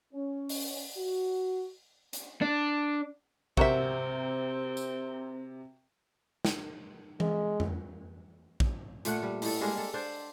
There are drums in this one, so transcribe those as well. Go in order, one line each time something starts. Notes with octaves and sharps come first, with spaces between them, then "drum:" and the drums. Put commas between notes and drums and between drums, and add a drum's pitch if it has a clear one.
C#4
drum: open hi-hat
F#4
drum: hi-hat
D4
C3 C4 F#4 A#4 E5, drum: kick A#1
drum: tambourine
drum: snare
G#3, drum: tom E3
drum: tom F2
drum: kick A#1
A#2 A3 F#5, drum: hi-hat
G3
A2 A4, drum: open hi-hat
G3 G#3 A#3 D4
A4
D4 C5 D5